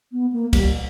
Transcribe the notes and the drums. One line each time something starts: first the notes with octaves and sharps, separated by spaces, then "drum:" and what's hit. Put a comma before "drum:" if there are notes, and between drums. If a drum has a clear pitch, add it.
B3
A#3
G3, drum: kick, cymbal